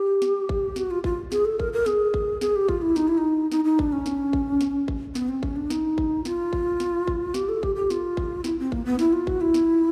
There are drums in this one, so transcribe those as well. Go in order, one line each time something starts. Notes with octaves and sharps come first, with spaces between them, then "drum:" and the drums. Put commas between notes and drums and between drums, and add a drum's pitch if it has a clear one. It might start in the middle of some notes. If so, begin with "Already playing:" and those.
Already playing: G4
drum: snare
drum: kick G#1
F#4, drum: snare
F4
F4, drum: kick G#1
G#4, drum: snare
A4
A#4, drum: kick G#1
A#4
G#4, drum: snare
drum: kick G#1
G#4, drum: snare
G4
F4, drum: kick G#1
E4
D#4, drum: snare
E4
D#4
D#4, drum: snare
D#4
D4, drum: kick G#1
C#4
drum: snare
drum: kick G#1
drum: snare
drum: kick G#1
B3, drum: snare
C4
C#4, drum: kick G#1
D4
D#4, drum: snare
drum: kick G#1
F4, drum: snare
drum: kick G#1
drum: snare
drum: kick G#1
G4, drum: snare
A4
G4, drum: kick G#1
G4
F4, drum: snare
drum: kick G#1
E4, drum: snare
C4
A#3, drum: kick G#1
B3
E4, drum: snare
F4
F#4, drum: kick G#1
E4
drum: snare